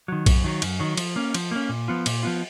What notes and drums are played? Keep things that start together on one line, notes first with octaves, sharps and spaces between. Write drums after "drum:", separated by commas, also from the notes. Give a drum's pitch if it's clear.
D#3 F#3
F#2, drum: kick B1, cymbal
D#3 F#3
F#2, drum: cymbal
D#3 F#3
F3, drum: cymbal
A#3 C#4
F3, drum: cymbal
A#3 C#4
A#2
F3 B3 F4
A#2, drum: cymbal
F3 B3 F4